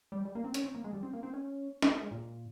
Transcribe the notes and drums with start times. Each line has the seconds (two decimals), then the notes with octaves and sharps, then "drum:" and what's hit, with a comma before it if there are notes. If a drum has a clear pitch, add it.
0.12 G3
0.25 G3
0.35 A#3
0.44 C4
0.54 C#4, drum: hi-hat
0.64 C4
0.75 A#3
0.84 G#3
0.93 G3
1.03 C4
1.13 A#3
1.23 C4
1.34 C#4
1.82 C4, drum: snare
2.01 G#3
2.11 A#2